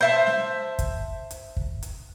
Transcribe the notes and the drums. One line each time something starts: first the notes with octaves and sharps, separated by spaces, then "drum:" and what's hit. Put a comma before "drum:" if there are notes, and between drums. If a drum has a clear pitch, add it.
C5 E5 A5
drum: snare
drum: kick, hi-hat
drum: hi-hat
drum: kick
drum: hi-hat